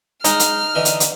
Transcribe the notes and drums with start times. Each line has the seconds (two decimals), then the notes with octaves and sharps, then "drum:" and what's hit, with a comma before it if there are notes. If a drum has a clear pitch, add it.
0.24 G#3 D#4 F6, drum: hi-hat
0.40 drum: hi-hat
0.75 D3 E3 D#5
0.85 drum: hi-hat
1.00 drum: hi-hat